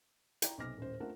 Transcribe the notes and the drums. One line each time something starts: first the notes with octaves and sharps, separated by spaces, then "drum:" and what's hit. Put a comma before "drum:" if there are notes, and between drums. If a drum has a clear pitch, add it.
E4 D5 G5 A#5, drum: hi-hat
B1 C3 D6 F6 A#6
D#1 A1 C5
A3 C4 D4 F4 A#4 F#5